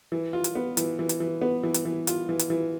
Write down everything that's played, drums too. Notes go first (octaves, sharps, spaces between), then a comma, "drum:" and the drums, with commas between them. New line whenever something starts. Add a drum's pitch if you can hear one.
E3
F4
drum: hi-hat
B3
E3, drum: hi-hat
E3
drum: hi-hat
E3
B3
E3
drum: hi-hat
E3
F4, drum: hi-hat
E3
drum: hi-hat
E3